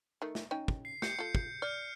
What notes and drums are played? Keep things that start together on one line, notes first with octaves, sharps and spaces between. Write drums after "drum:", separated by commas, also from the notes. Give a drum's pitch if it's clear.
D#3 A3
drum: snare
C#4 D#4 G5
drum: kick
C7
G4 G6 C7 C#7, drum: snare
F4 A4
drum: kick
D5 F6 G6